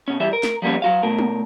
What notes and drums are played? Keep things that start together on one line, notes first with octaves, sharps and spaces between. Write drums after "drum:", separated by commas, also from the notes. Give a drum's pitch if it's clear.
B2 C#4
E3 G3 E5
A#4
drum: snare
F3 G3 A#3 B3 C#4
F#3 F#4 F5
B2 A3 A#4
drum: tom